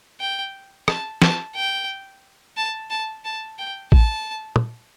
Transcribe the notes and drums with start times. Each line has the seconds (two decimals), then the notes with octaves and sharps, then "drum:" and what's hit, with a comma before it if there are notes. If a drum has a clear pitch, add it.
0.20 G5
0.88 A5, drum: rim click
1.22 A5, drum: snare
1.55 G5
2.57 A5
2.90 A5
3.25 A5
3.58 G5
3.92 A5, drum: kick A1
4.56 drum: tom